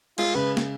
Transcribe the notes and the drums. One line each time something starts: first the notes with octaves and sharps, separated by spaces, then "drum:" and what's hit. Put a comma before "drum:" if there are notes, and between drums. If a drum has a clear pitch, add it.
G#3 F4, drum: cymbal
C#3 B4
drum: snare